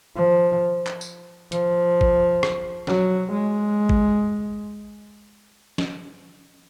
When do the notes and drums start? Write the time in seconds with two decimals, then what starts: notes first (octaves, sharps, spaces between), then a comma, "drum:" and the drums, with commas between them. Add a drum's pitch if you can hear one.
0.16 F3
0.87 drum: clap
1.01 drum: tambourine
1.52 F3, drum: hi-hat
2.01 drum: kick G#1
2.43 drum: rim click
2.87 F#3, drum: snare
3.32 G#3
3.89 drum: kick G#1
5.78 drum: snare